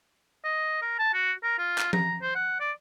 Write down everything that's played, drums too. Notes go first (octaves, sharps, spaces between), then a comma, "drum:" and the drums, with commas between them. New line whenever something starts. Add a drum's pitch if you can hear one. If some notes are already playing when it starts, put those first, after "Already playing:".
D#5
A#4
A5
F#4
A#4
F4
drum: clap
A#5, drum: tom F3
C5
F#5
D5